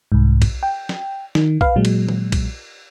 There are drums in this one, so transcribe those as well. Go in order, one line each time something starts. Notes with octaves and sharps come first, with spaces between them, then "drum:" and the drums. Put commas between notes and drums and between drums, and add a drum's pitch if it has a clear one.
C2 G#2
drum: kick B1, cymbal
G5
drum: snare
D#3, drum: snare
B4 F5, drum: kick B1
A#2 F#3 G#3
drum: cymbal
drum: tom
drum: kick B1, cymbal